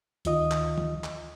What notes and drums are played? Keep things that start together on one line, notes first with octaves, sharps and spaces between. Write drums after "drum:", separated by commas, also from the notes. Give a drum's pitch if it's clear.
D2 D#3 F4 D#5 D#6, drum: hi-hat
drum: clap
drum: tom E3
drum: clap